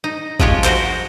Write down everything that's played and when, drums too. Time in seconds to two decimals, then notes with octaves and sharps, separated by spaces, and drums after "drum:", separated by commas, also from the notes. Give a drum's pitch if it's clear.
0.04 D#4
0.40 F3 G#3 F4 G4 C#5, drum: kick
0.64 F#4 A#4 C5, drum: clap